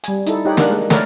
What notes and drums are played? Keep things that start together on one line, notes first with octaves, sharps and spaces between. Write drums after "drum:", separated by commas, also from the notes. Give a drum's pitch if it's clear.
G3 G#5, drum: hi-hat
D#4 E4 A4, drum: hi-hat
D#4 G4 C#5 F#5
A#3 D4 F#5, drum: snare
G#3
A3 A#4 B4 C#5 D5, drum: snare